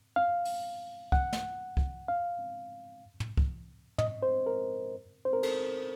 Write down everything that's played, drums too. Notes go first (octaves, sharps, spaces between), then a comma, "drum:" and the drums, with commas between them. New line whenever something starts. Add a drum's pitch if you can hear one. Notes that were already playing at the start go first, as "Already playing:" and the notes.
F5
drum: open hi-hat
F#5, drum: kick C2
drum: snare
drum: kick C2
F5
drum: tom
drum: kick C2
D#5, drum: tom
C5
A#4
C5
A#4
A4, drum: cymbal